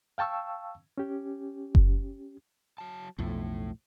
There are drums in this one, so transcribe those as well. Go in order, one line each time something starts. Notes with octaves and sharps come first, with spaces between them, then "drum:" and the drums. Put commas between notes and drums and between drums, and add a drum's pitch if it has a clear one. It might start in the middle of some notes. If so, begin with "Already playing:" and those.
F5 G5 A5 C#6 E6
C#4 G4
drum: kick F#1
F#3 A5
B1 F2 A2 A3